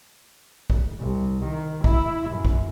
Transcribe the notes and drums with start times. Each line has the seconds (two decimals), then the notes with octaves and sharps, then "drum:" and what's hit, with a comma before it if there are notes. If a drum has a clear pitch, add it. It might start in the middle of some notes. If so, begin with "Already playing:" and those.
0.70 drum: kick
1.00 C2
1.44 D#3
1.84 E4, drum: kick
2.30 F#2
2.45 drum: kick